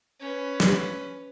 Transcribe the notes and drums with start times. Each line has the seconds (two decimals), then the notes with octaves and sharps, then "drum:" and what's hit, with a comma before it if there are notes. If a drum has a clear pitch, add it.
0.21 C#4 B4
0.60 drum: snare